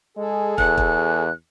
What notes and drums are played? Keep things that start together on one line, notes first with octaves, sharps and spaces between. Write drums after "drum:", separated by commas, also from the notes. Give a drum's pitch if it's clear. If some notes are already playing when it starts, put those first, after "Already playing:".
G#3 G#4 A4
E2 F#6, drum: kick
drum: kick